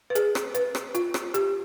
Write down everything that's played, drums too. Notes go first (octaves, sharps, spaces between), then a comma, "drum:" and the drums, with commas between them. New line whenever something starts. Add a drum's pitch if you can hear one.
B4
G#4, drum: hi-hat
drum: rim click
B4, drum: hi-hat
drum: rim click
F4, drum: hi-hat
drum: rim click
G4, drum: hi-hat